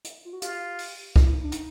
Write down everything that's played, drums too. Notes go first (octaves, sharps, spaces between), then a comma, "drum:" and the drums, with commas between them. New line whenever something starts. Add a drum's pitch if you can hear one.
drum: hi-hat
F4
F#4
F4 G4, drum: hi-hat
drum: open hi-hat
F4, drum: kick
E4
D#4
D4
D#4, drum: hi-hat